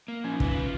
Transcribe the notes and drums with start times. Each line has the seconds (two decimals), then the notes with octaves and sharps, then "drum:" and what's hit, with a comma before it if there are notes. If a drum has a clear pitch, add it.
0.08 A#3
0.24 F3 C#4
0.32 D#4
0.40 C#4 B4, drum: kick
0.55 F4